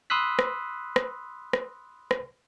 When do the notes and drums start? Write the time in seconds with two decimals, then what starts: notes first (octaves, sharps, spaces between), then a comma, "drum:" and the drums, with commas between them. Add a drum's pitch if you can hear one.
0.10 B5 C6 D#6 E6 F#6 B6
0.39 drum: rim click
0.96 drum: rim click
1.53 drum: rim click
2.11 drum: rim click